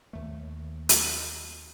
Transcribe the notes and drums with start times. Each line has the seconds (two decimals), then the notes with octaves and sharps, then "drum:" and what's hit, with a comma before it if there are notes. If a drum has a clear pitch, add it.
0.13 D#2 A3
0.89 drum: hi-hat